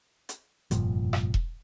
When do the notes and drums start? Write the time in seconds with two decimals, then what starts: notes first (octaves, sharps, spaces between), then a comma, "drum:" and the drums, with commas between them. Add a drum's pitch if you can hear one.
0.29 drum: hi-hat
0.71 F1 G2 A#2 F3, drum: hi-hat
1.13 drum: rim click
1.34 drum: kick E1